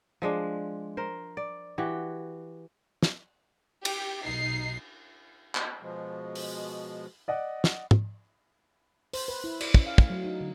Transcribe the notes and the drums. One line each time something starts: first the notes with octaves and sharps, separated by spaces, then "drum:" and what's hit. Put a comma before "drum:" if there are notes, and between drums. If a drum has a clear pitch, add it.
F3 G#3 D4
A#4 C5
D5
E3 F#4 G4
drum: snare
G4, drum: cymbal
B1 D#4 C7
drum: clap
B2 F3 G#3
drum: open hi-hat
D5 D#5 F#5
drum: snare
drum: tom
C5, drum: open hi-hat
B4
E4
D5, drum: cymbal
C#4, drum: kick
F5
A3, drum: kick
F#3
D#4
D3